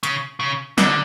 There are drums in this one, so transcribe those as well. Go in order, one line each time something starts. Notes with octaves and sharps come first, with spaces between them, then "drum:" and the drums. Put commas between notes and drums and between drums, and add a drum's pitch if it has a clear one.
C#3, drum: hi-hat
C#3
D3, drum: snare